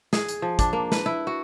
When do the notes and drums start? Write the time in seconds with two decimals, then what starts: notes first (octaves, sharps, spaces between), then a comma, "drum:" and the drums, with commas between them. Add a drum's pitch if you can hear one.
0.13 G#4, drum: snare
0.29 drum: hi-hat
0.42 F3
0.59 D4, drum: kick, hi-hat
0.73 A#3
0.92 B4, drum: snare
1.06 E4
1.27 F#4